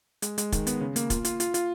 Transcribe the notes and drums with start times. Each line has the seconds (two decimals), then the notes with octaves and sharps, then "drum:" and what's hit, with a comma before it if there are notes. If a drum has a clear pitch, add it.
0.22 G#3, drum: hi-hat
0.38 G#3, drum: hi-hat
0.52 D#3, drum: kick, hi-hat
0.67 B3, drum: hi-hat
0.81 C#3
0.96 A#3, drum: hi-hat
1.10 F4, drum: kick, hi-hat
1.25 F4, drum: hi-hat
1.40 F4, drum: hi-hat
1.54 F4, drum: hi-hat